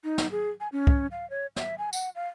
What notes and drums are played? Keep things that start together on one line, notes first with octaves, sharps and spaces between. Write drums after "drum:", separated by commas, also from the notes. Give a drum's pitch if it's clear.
D#4
drum: snare
G#4
G#5
C#4
drum: kick
F5
C#5
E5, drum: snare
G#5
F#5, drum: tambourine
F5